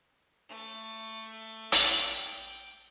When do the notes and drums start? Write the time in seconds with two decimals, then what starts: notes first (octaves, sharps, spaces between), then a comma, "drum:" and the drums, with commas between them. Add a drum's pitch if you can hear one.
0.49 A3
1.72 G5, drum: hi-hat